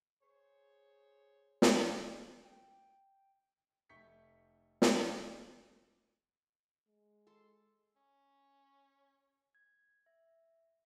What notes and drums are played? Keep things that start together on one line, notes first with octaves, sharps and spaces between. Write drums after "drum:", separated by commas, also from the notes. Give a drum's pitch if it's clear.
G#4 C5 C#5
drum: snare
G5
F1 A3 C#6 G6 B6 C#7
drum: snare
G#3
A4 A5 C6
C#4
G#6
E5